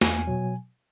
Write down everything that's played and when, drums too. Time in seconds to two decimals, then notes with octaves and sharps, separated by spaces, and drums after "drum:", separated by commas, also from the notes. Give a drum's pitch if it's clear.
0.01 E2 G#5, drum: snare
0.27 B2 F#3